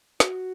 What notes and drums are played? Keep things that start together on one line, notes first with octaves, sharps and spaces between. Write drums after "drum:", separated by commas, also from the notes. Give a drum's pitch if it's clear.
F#4, drum: snare